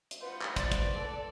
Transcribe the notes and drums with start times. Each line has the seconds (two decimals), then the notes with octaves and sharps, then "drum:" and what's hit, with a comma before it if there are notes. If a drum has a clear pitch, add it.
0.11 drum: hi-hat
0.22 F4 B4 C5 F#5
0.41 drum: clap
0.56 D5 C6 A6, drum: kick, hi-hat
0.72 drum: kick, hi-hat
0.94 A4